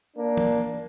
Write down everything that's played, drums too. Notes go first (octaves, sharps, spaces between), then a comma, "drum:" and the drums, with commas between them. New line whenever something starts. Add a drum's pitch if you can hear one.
A#3 D4
drum: tom